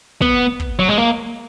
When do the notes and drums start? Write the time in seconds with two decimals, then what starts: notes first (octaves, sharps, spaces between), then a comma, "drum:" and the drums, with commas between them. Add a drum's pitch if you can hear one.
0.22 B3, drum: kick
0.60 drum: kick
0.79 F#3
0.88 G#3
0.98 A#3